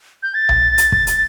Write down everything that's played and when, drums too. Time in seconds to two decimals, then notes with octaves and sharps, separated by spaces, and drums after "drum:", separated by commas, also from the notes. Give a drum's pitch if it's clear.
0.23 G6
0.34 A6
0.49 drum: tom B1
0.78 drum: hi-hat
0.92 drum: kick
1.07 drum: hi-hat